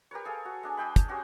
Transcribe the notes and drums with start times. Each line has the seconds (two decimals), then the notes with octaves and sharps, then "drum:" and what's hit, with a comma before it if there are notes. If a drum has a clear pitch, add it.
0.11 G4 A#4 B4 C#5
0.25 G#4 A4 F5
0.45 F#4
0.63 G#3 D4 G#5
0.77 G#3 G#4 G5 B5
0.96 drum: kick, hi-hat
1.08 C#4 F#4 G4 C5